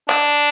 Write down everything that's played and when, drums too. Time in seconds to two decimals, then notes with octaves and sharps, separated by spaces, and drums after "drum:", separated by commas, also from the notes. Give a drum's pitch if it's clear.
0.09 D4, drum: clap